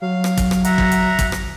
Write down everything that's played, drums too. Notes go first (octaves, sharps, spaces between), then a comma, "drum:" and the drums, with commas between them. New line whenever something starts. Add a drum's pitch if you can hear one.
F#3 F5
drum: rim click
drum: kick, hi-hat
drum: rim click
E5 F#5 A#5, drum: hi-hat
drum: kick
drum: hi-hat
drum: kick, hi-hat
drum: rim click